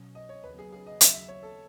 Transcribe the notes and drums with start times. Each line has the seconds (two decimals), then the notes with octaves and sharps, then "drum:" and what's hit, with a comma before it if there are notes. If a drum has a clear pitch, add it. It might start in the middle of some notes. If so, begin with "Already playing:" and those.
Already playing: B2 F#3 C#4
0.15 D#5
0.29 C#5
0.44 D#2 C#3 F#3 B3 B4
0.59 G#4
0.73 G#4
0.87 D#5
1.01 E5, drum: hi-hat
1.14 E5
1.28 C#5
1.43 A4